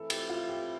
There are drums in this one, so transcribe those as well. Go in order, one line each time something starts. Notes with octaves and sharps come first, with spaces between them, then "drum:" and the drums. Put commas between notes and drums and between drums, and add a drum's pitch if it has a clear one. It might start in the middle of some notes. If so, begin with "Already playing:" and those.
Already playing: E3 A3 C4 E4 A4
G4, drum: cymbal
F4
G4